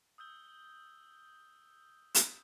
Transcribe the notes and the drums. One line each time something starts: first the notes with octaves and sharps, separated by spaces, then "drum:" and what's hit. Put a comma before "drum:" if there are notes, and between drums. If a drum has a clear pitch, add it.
D#6 E6 G6 G7
drum: hi-hat